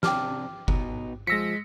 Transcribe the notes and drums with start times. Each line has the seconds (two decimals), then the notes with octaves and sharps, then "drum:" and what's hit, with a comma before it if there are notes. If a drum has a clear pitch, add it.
0.03 C3 D4 G5 D6 F6, drum: snare
0.68 B2 D#4, drum: kick F#1
1.27 F3 G#3 E6 A#6 B6 C#7